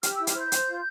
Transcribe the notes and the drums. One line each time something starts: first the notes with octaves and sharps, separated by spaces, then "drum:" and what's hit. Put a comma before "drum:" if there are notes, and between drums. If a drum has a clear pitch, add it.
G4 F6, drum: hi-hat
E4 E6
F6, drum: hi-hat
C5 G6
C5, drum: hi-hat
F4